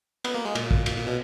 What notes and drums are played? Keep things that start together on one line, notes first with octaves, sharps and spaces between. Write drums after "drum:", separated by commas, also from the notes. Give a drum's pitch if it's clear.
B3, drum: cymbal
A#3
G#3
A#2, drum: cymbal
drum: kick
A#2, drum: cymbal
A#2
B2